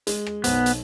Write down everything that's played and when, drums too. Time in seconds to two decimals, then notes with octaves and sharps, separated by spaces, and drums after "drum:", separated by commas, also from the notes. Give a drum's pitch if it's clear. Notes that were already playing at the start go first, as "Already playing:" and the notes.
0.07 G#3, drum: hi-hat
0.27 drum: rim click
0.44 B1 B3 C5, drum: hi-hat
0.66 drum: hi-hat